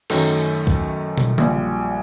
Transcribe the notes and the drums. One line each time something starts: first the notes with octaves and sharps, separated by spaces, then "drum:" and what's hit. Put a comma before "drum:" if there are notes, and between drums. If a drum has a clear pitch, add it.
F#2 D#3 F#3 A3, drum: cymbal
drum: kick C2
drum: tom
A#1 A#2 G3, drum: tom D3